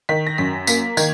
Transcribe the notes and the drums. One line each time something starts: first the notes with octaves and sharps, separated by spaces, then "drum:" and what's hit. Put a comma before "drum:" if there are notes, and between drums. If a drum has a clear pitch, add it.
D#3 B6
A#6
F#2 B6
A#3 B6, drum: tambourine
D#3 G#6, drum: tambourine